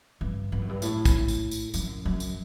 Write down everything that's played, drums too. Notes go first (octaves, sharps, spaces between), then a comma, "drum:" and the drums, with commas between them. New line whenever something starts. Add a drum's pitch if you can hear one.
G2
G2
F#2
G2
A2, drum: tambourine
drum: kick, tambourine
drum: tambourine
drum: tambourine
F#2, drum: tambourine
F#2
drum: tambourine